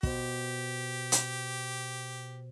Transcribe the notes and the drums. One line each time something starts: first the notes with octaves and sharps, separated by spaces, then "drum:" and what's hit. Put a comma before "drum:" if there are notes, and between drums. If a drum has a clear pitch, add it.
B2 G4 C5, drum: kick
drum: hi-hat